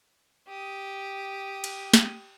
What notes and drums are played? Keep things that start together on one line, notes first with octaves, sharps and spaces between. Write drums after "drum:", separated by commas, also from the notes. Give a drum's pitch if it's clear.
G4 D#6
drum: cymbal
drum: snare